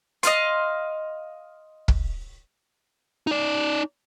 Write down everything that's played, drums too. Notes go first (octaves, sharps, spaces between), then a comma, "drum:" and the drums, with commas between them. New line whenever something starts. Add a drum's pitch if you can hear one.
D#5 F5 C6, drum: hi-hat
drum: kick
D#4 D5